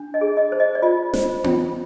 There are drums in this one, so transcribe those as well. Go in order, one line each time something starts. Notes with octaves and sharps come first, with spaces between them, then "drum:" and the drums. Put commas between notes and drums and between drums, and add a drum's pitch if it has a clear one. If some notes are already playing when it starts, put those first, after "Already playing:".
Already playing: D4
D#5
G#4
D#5
C5
D#5
D5
F4 D#5
C5, drum: snare
F4, drum: tom B3